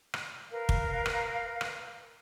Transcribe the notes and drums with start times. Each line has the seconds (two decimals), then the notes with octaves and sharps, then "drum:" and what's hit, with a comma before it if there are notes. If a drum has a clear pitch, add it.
0.14 drum: rim click
0.50 A#4 B4 F5
0.69 drum: kick
1.06 drum: rim click
1.61 drum: rim click